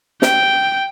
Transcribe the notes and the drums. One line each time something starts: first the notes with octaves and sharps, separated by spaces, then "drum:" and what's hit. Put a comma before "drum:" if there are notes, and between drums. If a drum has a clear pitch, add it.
G5, drum: snare